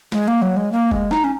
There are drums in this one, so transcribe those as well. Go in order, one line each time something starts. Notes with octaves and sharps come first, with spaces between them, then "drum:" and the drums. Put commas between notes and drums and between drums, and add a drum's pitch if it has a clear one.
G#3, drum: snare
A#3
F#3
G#3
A#3
G#3, drum: kick F#1
D#4, drum: snare
C#4